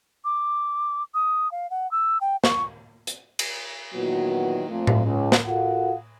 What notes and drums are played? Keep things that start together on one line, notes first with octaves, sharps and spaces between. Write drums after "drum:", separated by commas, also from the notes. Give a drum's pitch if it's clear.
D6
D#6
F5
F#5
E6
G5
C#6, drum: snare
drum: hi-hat
drum: cymbal
A#2 D#3 E3 F#3 B3 F#4
F2 A#2 F3 A3
drum: tom A2
C#2
drum: snare
F4 F#4 A4 A#4 F5 F#5